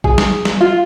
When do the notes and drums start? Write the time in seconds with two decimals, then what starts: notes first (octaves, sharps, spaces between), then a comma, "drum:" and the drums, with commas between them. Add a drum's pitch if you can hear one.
0.04 G#4, drum: kick
0.18 drum: snare
0.45 drum: snare
0.61 F4